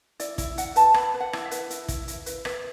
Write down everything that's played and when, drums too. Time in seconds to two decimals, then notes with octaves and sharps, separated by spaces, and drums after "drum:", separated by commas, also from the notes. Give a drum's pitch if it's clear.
0.20 E4 D5, drum: hi-hat
0.38 E4, drum: kick, hi-hat
0.58 E4 F#5, drum: hi-hat
0.76 B4 A5, drum: hi-hat
0.94 B4 B5, drum: rim click
1.14 B4
1.20 F#5
1.33 E4, drum: rim click
1.45 E5
1.51 B4, drum: hi-hat
1.70 E4, drum: hi-hat
1.88 E4, drum: kick, hi-hat
2.08 E4, drum: hi-hat
2.26 B4, drum: hi-hat
2.45 B4 E5, drum: rim click